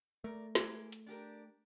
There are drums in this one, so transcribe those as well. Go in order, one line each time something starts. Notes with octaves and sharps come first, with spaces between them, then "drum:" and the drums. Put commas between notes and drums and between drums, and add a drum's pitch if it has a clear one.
A3 A#4 D5
G#3 A#3 E4, drum: snare
drum: hi-hat
D4 G4 A#4